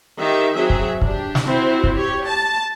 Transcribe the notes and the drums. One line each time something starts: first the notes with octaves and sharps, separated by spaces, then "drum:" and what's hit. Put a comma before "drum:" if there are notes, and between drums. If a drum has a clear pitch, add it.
D#3 G4 E5
F#3 C4 G#4 E5
drum: kick
D4 G4, drum: kick
drum: snare
C4 E4 F#4 C5
drum: kick
G4 C#5
A5